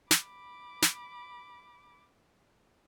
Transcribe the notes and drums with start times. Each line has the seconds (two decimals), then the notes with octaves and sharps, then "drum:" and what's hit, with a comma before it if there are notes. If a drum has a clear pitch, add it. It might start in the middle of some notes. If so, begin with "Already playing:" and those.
0.11 B5 D6, drum: snare
0.82 drum: snare